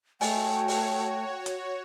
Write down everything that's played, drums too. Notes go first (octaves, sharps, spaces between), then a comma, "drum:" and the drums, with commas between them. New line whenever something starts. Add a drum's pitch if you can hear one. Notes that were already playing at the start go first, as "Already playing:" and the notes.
A3 F#4 C#5 D#5 E5 G5 G#5, drum: open hi-hat
drum: open hi-hat
drum: hi-hat